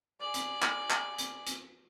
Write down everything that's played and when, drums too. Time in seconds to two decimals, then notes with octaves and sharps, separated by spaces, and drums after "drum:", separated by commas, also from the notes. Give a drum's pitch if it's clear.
0.20 G#4 D5
0.34 drum: hi-hat
0.62 drum: clap
0.90 drum: clap
1.18 drum: hi-hat
1.47 drum: hi-hat